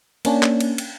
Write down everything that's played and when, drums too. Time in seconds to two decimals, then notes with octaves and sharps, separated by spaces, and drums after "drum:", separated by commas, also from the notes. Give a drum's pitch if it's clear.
0.25 A#3 C#4 D4, drum: cymbal
0.43 drum: clap
0.60 drum: cymbal
0.78 drum: cymbal